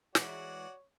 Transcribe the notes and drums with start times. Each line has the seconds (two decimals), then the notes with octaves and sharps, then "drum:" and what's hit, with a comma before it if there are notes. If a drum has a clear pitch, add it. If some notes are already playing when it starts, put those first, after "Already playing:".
0.15 E3 G#3 F#4 C#5 D5, drum: snare